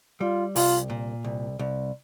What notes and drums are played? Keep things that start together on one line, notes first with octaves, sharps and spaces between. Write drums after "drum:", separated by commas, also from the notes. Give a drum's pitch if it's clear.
G3 F4
C2 F4, drum: open hi-hat
A#2
C2
C2